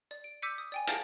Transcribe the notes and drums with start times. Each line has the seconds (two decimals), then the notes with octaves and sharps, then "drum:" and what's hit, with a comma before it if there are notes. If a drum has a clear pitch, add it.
0.11 D5
0.24 D7
0.42 D6 E6 G6 B6 C#7 D#7
0.58 D#6
0.72 D5 G5 G#5
0.88 F5 F#5 A5 A6 D7, drum: hi-hat